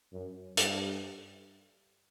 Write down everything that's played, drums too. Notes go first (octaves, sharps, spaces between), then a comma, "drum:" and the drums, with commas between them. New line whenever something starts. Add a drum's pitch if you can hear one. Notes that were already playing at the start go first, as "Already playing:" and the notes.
F#2
G2, drum: hi-hat